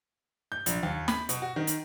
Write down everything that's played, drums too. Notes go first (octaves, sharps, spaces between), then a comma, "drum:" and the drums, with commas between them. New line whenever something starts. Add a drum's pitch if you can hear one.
G6
A#1, drum: hi-hat
D#2
B5, drum: snare
B2, drum: hi-hat
F#4
D#3
drum: hi-hat